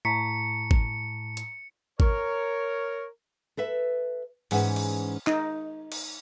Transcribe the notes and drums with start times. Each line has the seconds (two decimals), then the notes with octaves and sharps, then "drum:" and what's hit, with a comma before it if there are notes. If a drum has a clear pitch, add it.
0.05 A2 A5 A#5 C#6 B6 C#7
0.71 drum: kick G#1
1.37 drum: hi-hat
2.00 A#4 C#5, drum: kick G#1
3.57 A4 B4 E5
4.51 G#2 E3 C#4 G#4 E5 F#5, drum: cymbal
4.76 drum: cymbal
5.27 D#4, drum: clap
5.92 drum: cymbal